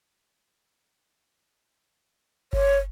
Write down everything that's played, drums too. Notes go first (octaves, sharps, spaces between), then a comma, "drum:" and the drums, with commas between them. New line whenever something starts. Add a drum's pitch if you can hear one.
C#5, drum: kick G1